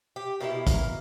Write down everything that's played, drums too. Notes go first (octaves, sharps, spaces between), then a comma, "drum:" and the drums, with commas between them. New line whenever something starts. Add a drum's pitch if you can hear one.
G4
B2 A#3 C#4 E4 G4
A#4, drum: kick, hi-hat